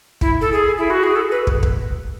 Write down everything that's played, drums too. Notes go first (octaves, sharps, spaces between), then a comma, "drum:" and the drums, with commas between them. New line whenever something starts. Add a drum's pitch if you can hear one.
E4, drum: kick
A4
G#4
E4
F#4
G#4
A4
B4
drum: kick
drum: kick